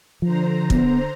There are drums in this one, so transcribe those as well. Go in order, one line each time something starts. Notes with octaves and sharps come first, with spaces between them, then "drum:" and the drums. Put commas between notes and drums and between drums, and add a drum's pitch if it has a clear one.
D3 F3 C5 A#5
B3, drum: kick